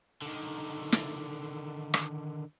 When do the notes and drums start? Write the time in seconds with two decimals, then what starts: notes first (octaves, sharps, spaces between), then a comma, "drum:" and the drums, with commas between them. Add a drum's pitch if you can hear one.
0.22 D3 D#3
0.92 drum: snare
1.94 drum: rim click